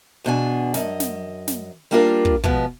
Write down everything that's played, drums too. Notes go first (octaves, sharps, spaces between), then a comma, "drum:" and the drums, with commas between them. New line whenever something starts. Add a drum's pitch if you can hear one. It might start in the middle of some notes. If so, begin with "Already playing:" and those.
E2 B2 D4 G#5
F#2 D#5, drum: snare
drum: snare
drum: snare
G3 A#3 D4 E4 F4 A#4
drum: kick
B2 F3 G#3 B3, drum: kick